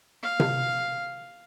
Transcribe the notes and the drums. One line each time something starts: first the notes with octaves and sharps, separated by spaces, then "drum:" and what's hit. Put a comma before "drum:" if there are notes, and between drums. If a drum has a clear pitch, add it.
F5
drum: tom C3